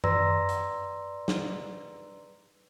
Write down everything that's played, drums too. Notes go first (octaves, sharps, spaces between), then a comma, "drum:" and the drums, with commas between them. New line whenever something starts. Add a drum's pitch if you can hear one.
B4 D5 A#5 C6 E6 A#6, drum: tom F#2
drum: hi-hat
drum: snare